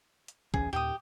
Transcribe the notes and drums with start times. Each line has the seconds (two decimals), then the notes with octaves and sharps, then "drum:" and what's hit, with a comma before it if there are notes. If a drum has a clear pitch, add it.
0.28 drum: hi-hat
0.54 D1 E2 C#4 G#4, drum: kick
0.73 D#2 A#2 G4 G5 D#6